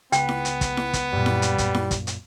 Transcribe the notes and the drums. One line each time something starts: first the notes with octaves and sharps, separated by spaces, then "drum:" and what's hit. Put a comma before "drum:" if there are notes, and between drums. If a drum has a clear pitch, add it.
C#2 B3 G5, drum: hi-hat
drum: snare E4
drum: hi-hat
drum: kick, hi-hat
drum: snare E4
drum: kick, hi-hat
F#2 A#2 G3
drum: snare E4
drum: hi-hat
drum: kick, hi-hat
drum: snare E4
drum: kick, hi-hat
drum: hi-hat